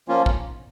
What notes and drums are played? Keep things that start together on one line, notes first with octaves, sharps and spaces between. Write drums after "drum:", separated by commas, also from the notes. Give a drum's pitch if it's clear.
F3 A#3 C#4 F4
drum: kick